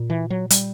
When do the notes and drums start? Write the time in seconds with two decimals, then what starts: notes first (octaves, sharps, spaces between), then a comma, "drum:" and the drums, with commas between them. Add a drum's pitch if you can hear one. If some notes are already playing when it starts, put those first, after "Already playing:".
Already playing: A#2
0.10 E3
0.30 F#3
0.50 G3, drum: hi-hat